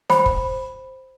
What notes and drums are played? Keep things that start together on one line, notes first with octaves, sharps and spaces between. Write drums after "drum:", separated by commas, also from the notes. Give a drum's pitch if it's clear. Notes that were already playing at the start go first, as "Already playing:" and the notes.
C5 G5 B5, drum: snare
drum: kick